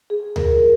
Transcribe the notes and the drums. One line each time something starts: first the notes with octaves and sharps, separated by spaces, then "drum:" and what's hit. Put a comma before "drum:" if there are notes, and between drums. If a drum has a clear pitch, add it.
G#4
A#4, drum: tom D2